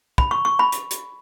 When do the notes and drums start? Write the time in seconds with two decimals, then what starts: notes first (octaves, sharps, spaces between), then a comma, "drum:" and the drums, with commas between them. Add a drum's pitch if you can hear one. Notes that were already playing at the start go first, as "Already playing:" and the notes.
0.18 B5, drum: kick
0.31 C#6
0.45 C#6
0.59 B5
0.72 drum: hi-hat
0.91 drum: hi-hat